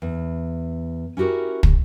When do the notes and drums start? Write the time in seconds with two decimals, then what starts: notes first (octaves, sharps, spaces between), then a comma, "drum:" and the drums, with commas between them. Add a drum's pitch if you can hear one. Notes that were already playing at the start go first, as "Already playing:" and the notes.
0.02 E2
1.17 C#4 E4 F#4 G4 A#4
1.63 drum: kick